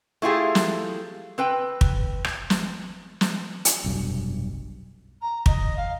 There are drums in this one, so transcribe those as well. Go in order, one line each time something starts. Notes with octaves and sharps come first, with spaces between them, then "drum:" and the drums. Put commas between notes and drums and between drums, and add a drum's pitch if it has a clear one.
A3 E4 F4 G4 G#4
drum: snare
C4 B4 G5
drum: kick
drum: rim click
drum: snare
drum: snare
drum: hi-hat
F1 B1 G2
A#5
D#5, drum: kick
F5